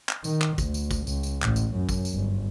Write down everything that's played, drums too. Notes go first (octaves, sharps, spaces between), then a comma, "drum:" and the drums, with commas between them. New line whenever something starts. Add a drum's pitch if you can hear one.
drum: clap
D#3, drum: tambourine
drum: clap
D2, drum: kick, tambourine
drum: tambourine
drum: kick, tambourine
C#2, drum: tambourine
drum: tambourine
A1, drum: clap
drum: tambourine
F#2
drum: kick, tambourine
drum: tambourine
G1